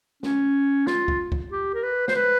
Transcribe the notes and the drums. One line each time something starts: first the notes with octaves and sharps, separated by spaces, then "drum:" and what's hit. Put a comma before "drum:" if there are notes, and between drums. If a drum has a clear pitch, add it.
C#4, drum: snare
F4, drum: snare
drum: kick
drum: kick
G4
A#4
B4
C5, drum: snare
B4